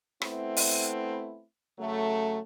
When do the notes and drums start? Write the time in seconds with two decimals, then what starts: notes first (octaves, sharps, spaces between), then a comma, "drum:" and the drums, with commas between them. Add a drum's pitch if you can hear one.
0.22 A3 B3 C4 E4, drum: rim click
0.57 drum: open hi-hat
1.79 C#3 F#3 A3